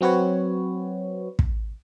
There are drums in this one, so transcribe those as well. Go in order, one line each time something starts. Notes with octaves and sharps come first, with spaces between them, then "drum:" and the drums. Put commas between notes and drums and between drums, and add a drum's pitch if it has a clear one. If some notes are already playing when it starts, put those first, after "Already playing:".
F#3 C4 F#4 B4 C#5
drum: kick